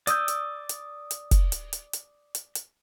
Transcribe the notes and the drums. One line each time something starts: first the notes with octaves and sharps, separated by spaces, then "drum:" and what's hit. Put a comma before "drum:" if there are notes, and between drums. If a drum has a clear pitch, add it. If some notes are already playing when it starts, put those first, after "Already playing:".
D5 D#6 E6 G6, drum: hi-hat
drum: hi-hat
drum: hi-hat
drum: hi-hat
drum: kick, hi-hat
drum: hi-hat
drum: hi-hat
drum: hi-hat
drum: hi-hat
drum: hi-hat